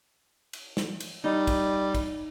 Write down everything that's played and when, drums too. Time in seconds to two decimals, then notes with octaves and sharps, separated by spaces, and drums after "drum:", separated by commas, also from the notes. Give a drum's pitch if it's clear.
0.53 drum: cymbal
0.77 drum: snare
1.00 drum: cymbal
1.24 G3 D#4
1.47 drum: kick, cymbal
1.95 drum: kick, cymbal